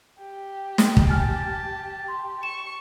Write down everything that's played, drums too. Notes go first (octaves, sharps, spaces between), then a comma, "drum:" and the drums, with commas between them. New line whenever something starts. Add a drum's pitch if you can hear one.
G4
drum: snare
drum: kick
G#5 A5 F6 A6
C6
C#6 E7